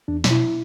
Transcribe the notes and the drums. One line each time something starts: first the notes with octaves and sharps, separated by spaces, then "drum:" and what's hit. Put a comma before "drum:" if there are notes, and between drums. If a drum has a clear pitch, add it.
E2 D4
B2, drum: snare
E4